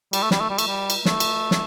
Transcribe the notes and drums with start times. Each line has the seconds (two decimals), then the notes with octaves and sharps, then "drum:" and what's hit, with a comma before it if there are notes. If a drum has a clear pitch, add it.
0.13 G3, drum: cymbal
0.23 A3
0.31 G3, drum: snare
0.40 A3
0.50 G3
0.58 A3, drum: cymbal
0.67 G3
0.90 drum: cymbal
1.05 A3, drum: snare
1.20 drum: cymbal
1.51 drum: snare